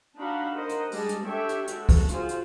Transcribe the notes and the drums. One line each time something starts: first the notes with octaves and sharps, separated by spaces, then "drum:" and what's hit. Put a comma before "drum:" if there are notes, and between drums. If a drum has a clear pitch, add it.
D4 D#4 F#4 F5 F#5 B5
A#4 C5 D#5 F#5
drum: hi-hat
G3 G#3 G#4 D#5 A5, drum: open hi-hat
drum: hi-hat
D4 G4 A4 C#5 E5 G5
drum: hi-hat
G#3 F#4 A4, drum: hi-hat
drum: kick, open hi-hat
F4 F#4 G#4 C5, drum: hi-hat
drum: hi-hat